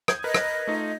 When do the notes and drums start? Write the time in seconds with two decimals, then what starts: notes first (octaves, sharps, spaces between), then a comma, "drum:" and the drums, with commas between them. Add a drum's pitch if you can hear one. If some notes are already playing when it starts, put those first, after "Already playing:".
0.08 D#6 G6 G#6, drum: rim click
0.24 A#4 B4 D#5
0.34 drum: rim click
0.67 A3 D#4 F4